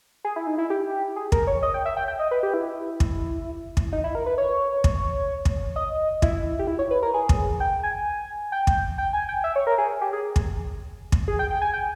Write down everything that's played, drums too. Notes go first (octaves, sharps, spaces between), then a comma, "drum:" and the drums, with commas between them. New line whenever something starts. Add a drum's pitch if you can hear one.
G#4
E4
D#4
E4
G4
G#4
A#4, drum: kick
C#5
D#5
G5
E5
G5
G5
D#5
B4
G4
E4
drum: kick
drum: kick
D#4
E4
A#4
B4
C#5
drum: kick
drum: kick
D#5
E4, drum: kick
G4
E4
C#5
B4
A#4
G#4
drum: kick
G5
G#5
G5
drum: kick
G5
G#5
G5
E5
C#5
A#4
G#4
G4
G#4
drum: kick
drum: kick
G#4
G5
G5
G#5
G5